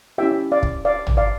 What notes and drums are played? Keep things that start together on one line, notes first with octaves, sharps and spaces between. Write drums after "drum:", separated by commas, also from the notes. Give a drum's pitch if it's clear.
C#4 E4 G4 E5 G5
D5 F5
drum: kick
D5 F5
drum: tom
D5 F5